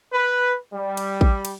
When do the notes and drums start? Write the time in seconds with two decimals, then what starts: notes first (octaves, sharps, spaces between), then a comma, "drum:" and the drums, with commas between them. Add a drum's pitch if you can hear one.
0.13 B4
0.74 G3
0.97 drum: cymbal
1.21 drum: kick
1.45 drum: cymbal